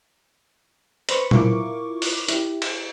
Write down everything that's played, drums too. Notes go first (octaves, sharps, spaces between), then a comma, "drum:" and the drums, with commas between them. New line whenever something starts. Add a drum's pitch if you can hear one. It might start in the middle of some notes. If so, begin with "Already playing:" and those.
B4 C5 B5 C#6, drum: hi-hat
E4 F4 A#4 C#6 D6, drum: tom
drum: open hi-hat
E4 G4, drum: hi-hat
drum: cymbal